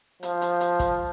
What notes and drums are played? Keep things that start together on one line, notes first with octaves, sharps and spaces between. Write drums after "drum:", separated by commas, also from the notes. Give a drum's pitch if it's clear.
F3, drum: hi-hat
drum: hi-hat
drum: hi-hat
drum: kick, hi-hat